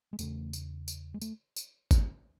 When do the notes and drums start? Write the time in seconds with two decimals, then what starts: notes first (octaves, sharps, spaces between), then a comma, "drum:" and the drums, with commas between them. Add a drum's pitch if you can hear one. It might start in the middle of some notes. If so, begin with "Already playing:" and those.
0.13 G#3
0.19 E2 C#3 A3, drum: tambourine
0.53 drum: tambourine
0.88 drum: tambourine
1.14 G#3
1.22 A3, drum: tambourine
1.56 drum: tambourine
1.91 drum: kick G#1, tambourine